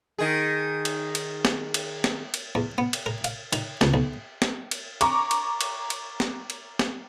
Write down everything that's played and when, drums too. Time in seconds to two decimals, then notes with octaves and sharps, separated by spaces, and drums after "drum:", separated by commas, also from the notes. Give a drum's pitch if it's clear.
0.19 D#3 G#4
0.85 drum: cymbal
1.15 drum: cymbal
1.45 drum: snare
1.74 drum: cymbal
2.04 drum: snare
2.34 drum: cymbal
2.55 E2
2.78 B3
2.93 drum: cymbal
3.06 A#4
3.24 F5, drum: cymbal
3.53 D#3, drum: cymbal
3.81 C#2, drum: snare
3.94 B1
4.42 drum: snare
4.71 drum: cymbal
5.01 A#5 C#6 D6, drum: cymbal
5.31 drum: cymbal
5.61 drum: cymbal
5.90 drum: cymbal
6.20 drum: snare
6.50 drum: cymbal
6.79 drum: snare